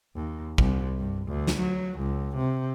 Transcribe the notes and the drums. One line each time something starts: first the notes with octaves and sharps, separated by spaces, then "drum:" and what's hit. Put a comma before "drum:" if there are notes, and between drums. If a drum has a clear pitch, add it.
D#2
C2, drum: kick
G2
D2
drum: snare
F#3
C#2
C3